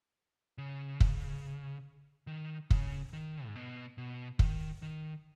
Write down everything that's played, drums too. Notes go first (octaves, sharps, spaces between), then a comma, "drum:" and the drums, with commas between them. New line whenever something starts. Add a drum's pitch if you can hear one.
C#3
drum: kick
D#3
C#3, drum: kick
D#3
G#2
B2
B2
D#3, drum: kick
D#3